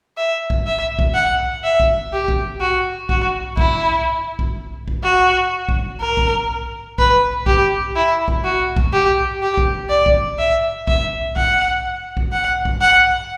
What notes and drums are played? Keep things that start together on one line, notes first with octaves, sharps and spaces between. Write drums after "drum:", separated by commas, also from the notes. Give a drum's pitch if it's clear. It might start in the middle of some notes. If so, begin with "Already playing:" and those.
E5
drum: kick B1
E5
drum: kick B1
F#5
E5
drum: kick B1
G4
drum: kick B1
F#4
F#4, drum: kick B1
E4, drum: kick B1
drum: kick B1
drum: kick B1
F#4
drum: kick B1
A#4
drum: kick B1
B4, drum: kick B1
G4, drum: kick B1
E4
drum: kick B1
F#4
drum: kick B1
G4
G4
drum: kick B1
D5
drum: kick B1
E5
E5, drum: kick B1
F#5, drum: kick B1
drum: kick B1
F#5
drum: kick B1
F#5